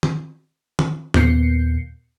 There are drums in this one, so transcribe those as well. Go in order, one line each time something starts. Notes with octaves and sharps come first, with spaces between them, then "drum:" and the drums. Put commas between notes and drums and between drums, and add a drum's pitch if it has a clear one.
drum: tom
drum: tom
D#2 A#2 B3 G6 C7 C#7, drum: tom